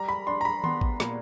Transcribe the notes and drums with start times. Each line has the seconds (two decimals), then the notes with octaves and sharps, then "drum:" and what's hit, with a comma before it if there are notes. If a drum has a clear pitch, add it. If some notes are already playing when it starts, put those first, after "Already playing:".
Already playing: G3 A#5
0.09 B5
0.27 D4 C6
0.41 A#5
0.45 B5
0.64 B3 C6, drum: tom D#3
0.81 drum: kick
1.00 A#2, drum: snare